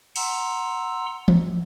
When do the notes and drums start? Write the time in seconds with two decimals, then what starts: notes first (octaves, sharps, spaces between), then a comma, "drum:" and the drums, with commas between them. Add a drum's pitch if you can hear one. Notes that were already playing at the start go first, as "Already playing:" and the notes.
0.16 F#5 A#5 C6 E6, drum: cymbal
1.28 drum: tom E3